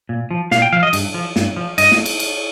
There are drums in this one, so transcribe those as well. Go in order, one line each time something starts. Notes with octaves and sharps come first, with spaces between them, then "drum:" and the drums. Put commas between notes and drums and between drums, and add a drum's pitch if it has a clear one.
A#2
F3
A#2 F5, drum: snare
G5
F3 F5
D#5
G2, drum: cymbal
F3
G2, drum: snare
F3
G2 D#5, drum: cymbal
drum: snare
drum: cymbal
drum: cymbal